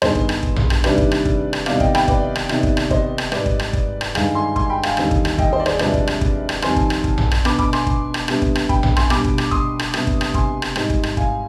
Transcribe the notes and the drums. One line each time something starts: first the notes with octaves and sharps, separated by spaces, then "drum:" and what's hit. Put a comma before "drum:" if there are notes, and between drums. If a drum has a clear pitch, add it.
G2 D#3 B3 D#4 G#4 C5, drum: rim click
drum: kick
drum: rim click
drum: kick
drum: tom A#1
drum: rim click
C3 D#3 G3 D4 B4 D5, drum: rim click
drum: kick
drum: rim click
drum: kick
drum: rim click
C2 C3 D#3 B3 D#4 D5 F5, drum: rim click
D#5 G5, drum: kick
G5 B5, drum: rim click
B4 D5, drum: kick
drum: rim click
C3 D#3 B3 D#4, drum: rim click
drum: kick
drum: rim click
C5 D#5, drum: kick
drum: rim click
G#2 G3 C4 D#4 B4 D5, drum: rim click
drum: kick
drum: rim click
drum: kick
drum: rim click
G2 D#3 G#3 F5 G#5, drum: rim click
G#5 C6
G#5 C6, drum: kick
G5 B5
F5 G#5, drum: rim click
D#2 D3 G3 C4 D#4, drum: rim click
drum: kick
drum: rim click
D#5 G5, drum: kick
C5 D#5
D5
G#4 C5, drum: rim click
C2 C3 F3 G#3 D4 B4 D5, drum: rim click
drum: kick
drum: rim click
drum: kick
drum: rim click
F2 D#3 G3 C4 D#4 G#5 C6, drum: rim click
drum: kick
drum: rim click
drum: kick
drum: tom A#1
drum: rim click
B2 B3 D4 B5 D6, drum: rim click
B5 D6, drum: kick
G#5 C6, drum: rim click
drum: kick
drum: rim click
C3 G3 B3 D4, drum: rim click
drum: kick
drum: rim click
G5 B5, drum: kick
drum: tom A#1
G#5 C6, drum: rim click
B2 G3 D4 B5 D6, drum: rim click
drum: kick
drum: rim click
C6 D#6, drum: kick
drum: rim click
C3 G3 B3 D4, drum: rim click
drum: kick
drum: rim click
G#5 C6, drum: kick
drum: rim click
G#2 G3 C4 D#4, drum: rim click
drum: kick
drum: rim click
F5 G#5, drum: kick